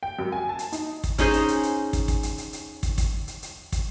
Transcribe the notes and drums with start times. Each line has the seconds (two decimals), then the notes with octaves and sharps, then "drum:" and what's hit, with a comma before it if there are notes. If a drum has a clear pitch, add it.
0.03 G5
0.19 F#2
0.32 G#5
0.49 A5
0.59 drum: hi-hat
0.72 D#4, drum: hi-hat
1.04 drum: kick, hi-hat
1.18 C#4 D#4 G#4 C5, drum: kick, hi-hat
1.33 drum: hi-hat
1.48 drum: hi-hat
1.63 drum: hi-hat
1.93 drum: kick, hi-hat
2.08 drum: kick, hi-hat
2.23 drum: hi-hat
2.38 drum: hi-hat
2.53 drum: hi-hat
2.83 drum: kick, hi-hat
2.98 drum: kick, hi-hat
3.28 drum: hi-hat
3.43 drum: hi-hat
3.72 drum: kick, hi-hat